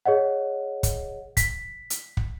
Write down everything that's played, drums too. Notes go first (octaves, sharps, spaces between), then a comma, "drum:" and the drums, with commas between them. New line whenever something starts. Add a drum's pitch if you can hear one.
G#4 C#5 D#5 F#5
drum: kick, hi-hat
B6, drum: kick, hi-hat
drum: hi-hat
drum: kick